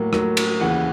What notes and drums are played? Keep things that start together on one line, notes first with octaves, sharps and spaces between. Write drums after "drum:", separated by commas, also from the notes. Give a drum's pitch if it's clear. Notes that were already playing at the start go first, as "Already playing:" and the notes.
Already playing: A2 F#3 A#3
A2 F#3 A#3, drum: rim click
drum: cymbal
D#2 C#3 E3 F#5